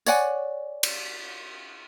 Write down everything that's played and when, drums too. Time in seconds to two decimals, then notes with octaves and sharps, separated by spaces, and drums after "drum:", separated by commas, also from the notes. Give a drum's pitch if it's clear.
0.06 C#5 D5 F#5 G#5, drum: tambourine
0.83 drum: cymbal